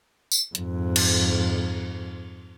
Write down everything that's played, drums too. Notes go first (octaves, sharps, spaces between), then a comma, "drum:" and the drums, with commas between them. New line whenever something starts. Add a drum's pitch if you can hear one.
drum: tambourine
F2 G#2, drum: hi-hat
drum: cymbal